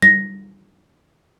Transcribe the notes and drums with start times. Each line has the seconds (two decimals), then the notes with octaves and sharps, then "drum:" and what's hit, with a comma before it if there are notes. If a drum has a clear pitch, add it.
0.02 A#6, drum: tom G3